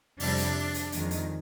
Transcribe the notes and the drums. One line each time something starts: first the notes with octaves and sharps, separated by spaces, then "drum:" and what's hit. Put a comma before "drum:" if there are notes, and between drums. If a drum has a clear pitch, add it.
F2 C3 G3 D4, drum: open hi-hat
drum: hi-hat
drum: hi-hat
F2 D#3 G#3, drum: hi-hat
drum: hi-hat